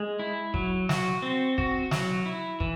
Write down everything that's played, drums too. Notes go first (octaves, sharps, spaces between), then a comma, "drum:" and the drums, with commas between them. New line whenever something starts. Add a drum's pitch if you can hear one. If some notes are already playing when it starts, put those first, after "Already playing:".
Already playing: G#3
E4
F#3, drum: kick
F#4, drum: snare
C4
F#4, drum: kick
F#3, drum: snare
E4
E3, drum: kick